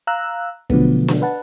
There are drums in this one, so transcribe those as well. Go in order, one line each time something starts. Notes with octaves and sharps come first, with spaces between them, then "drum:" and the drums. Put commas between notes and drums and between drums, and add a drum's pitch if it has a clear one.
F5 A#5 E6 F#6
B2 D3 F3 F#3 A3 B3, drum: kick
drum: snare
B4 F#5 A5